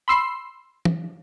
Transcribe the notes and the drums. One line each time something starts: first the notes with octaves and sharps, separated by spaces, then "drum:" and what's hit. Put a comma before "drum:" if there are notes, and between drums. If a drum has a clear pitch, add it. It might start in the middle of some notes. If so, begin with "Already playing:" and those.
B5 C6 E6 C7
drum: tom